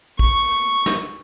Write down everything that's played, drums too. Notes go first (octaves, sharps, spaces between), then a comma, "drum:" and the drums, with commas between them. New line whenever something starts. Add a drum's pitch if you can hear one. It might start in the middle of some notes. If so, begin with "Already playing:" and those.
C#6, drum: kick
drum: snare